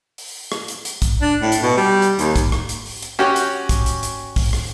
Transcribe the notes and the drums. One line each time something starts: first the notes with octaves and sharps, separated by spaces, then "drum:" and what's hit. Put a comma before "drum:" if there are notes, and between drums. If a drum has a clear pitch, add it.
drum: open hi-hat
drum: rim click
drum: hi-hat
drum: hi-hat
drum: kick, hi-hat
D4
A2
drum: hi-hat
B2
G3
drum: hi-hat
D#2, drum: hi-hat
drum: kick, hi-hat
drum: rim click
drum: hi-hat
drum: open hi-hat
drum: hi-hat
C#4 F#4 G4, drum: rim click
drum: hi-hat
drum: kick, hi-hat
drum: hi-hat
drum: hi-hat
drum: kick, open hi-hat
drum: rim click